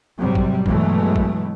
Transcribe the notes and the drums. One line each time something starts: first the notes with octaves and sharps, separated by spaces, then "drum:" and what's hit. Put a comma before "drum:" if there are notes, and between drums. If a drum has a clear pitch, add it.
G#2 C3 F#3 G3
drum: kick
G2 B2 E3 F#3 G#3 A3, drum: kick
drum: kick